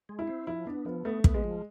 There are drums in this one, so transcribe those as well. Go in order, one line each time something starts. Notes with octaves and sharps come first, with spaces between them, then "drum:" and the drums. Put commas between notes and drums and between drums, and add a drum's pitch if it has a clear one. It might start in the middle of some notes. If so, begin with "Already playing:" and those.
G#3
E4
C4
F3 E4
B3 D4
F3 B3
A3 B3
B3, drum: kick
G#3
F3